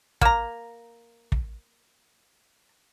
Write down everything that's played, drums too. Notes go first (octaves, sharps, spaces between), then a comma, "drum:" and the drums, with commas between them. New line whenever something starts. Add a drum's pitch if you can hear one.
A#3 A#5, drum: kick
drum: kick